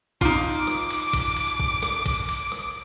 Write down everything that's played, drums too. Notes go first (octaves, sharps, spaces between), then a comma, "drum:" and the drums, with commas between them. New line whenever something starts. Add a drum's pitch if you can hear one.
D#4 F4 D6, drum: kick, cymbal
drum: rim click
drum: cymbal
drum: kick, cymbal
drum: cymbal
drum: kick
drum: rim click
drum: kick, cymbal
drum: cymbal
drum: rim click